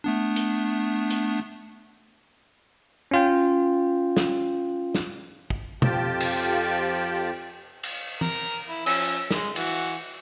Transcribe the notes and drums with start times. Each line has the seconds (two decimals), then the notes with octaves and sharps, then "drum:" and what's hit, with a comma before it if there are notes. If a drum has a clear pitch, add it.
0.04 A3 B3 D4
0.36 drum: hi-hat
1.10 drum: hi-hat
3.11 C#4 F4 G5
4.17 drum: snare
4.95 drum: snare
5.50 drum: kick
5.82 F2 F3 F4 G4 G5 A5, drum: tom
6.20 drum: cymbal
7.83 drum: cymbal
8.21 A#4, drum: tom
8.68 E4
8.86 F3 C#4 E6, drum: cymbal
9.31 G#3, drum: snare
9.56 E3 F#4, drum: cymbal